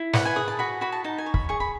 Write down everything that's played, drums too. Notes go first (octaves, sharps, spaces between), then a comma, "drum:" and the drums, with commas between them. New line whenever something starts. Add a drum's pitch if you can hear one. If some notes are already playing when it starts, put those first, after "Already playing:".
Already playing: E4
B4 F#5, drum: snare
G#5
G#4 D#6
A5
F#4 B5
F#4 B5
A5
D#4 A5
G#5
C#5
B5, drum: kick
G#4 C#6
B5